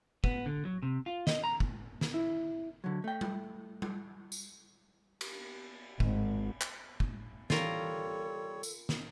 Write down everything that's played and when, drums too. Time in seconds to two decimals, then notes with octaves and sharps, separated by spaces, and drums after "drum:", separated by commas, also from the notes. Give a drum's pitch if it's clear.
0.24 B3, drum: kick
0.46 D3
0.65 F#3
0.82 C3
1.06 F4
1.27 D#5, drum: snare
1.44 A#5
1.60 drum: kick
2.01 drum: snare
2.14 E4
2.84 D3 F#3
3.04 A3 G5
3.21 drum: tom G3
3.82 drum: tom G3
4.32 drum: tambourine
5.21 drum: cymbal
6.00 G#1, drum: kick
6.61 drum: clap
7.00 drum: kick
7.50 E3 G3 F4 A4 A#4 C#5, drum: snare
8.63 drum: tambourine
8.89 drum: snare